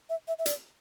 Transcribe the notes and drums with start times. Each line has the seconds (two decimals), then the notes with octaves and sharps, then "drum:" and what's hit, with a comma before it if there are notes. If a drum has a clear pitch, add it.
0.09 E5
0.28 E5
0.39 E5
0.46 D5, drum: hi-hat